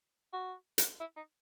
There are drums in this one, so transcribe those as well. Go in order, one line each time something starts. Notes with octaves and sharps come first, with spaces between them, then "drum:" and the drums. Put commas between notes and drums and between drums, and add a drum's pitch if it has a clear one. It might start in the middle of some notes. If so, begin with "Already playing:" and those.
F#4
drum: hi-hat
E4
D#4